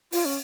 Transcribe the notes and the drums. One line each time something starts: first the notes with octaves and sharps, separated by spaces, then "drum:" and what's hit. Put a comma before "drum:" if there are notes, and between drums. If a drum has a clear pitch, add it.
F4, drum: open hi-hat
C#4